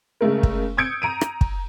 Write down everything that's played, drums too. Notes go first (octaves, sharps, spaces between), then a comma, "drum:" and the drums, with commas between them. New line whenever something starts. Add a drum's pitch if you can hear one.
C#3 G#3 A3 A#4
drum: kick
D#6 E6 G6 G#6 C#7 D7
A#5 D7 D#7
drum: rim click
drum: kick